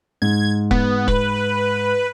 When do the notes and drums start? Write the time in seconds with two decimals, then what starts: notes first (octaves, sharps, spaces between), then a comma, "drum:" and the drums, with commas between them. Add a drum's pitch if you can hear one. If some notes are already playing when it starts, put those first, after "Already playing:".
0.22 G#2 G#6
0.71 B3, drum: kick E1
1.08 B4, drum: kick E1